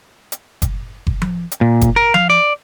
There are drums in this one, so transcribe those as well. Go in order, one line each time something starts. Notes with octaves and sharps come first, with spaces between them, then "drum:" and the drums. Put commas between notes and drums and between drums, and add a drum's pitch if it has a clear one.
drum: hi-hat
drum: kick F#1, hi-hat
drum: kick F#1
drum: tom F3
drum: hi-hat
A#2
drum: kick F#1, hi-hat
A#4
F5, drum: tom F3
D5